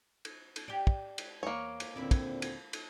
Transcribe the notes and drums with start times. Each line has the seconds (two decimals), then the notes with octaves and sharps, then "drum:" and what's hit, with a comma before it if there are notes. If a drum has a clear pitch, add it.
0.25 drum: cymbal
0.56 drum: cymbal
0.68 G4 D5
0.87 drum: kick
1.18 drum: cymbal
1.43 E2 A#3 C#5
1.80 drum: cymbal
1.96 D#2 A#2 D3 C4 E4 D5
2.11 drum: kick, cymbal
2.42 drum: cymbal
2.73 drum: cymbal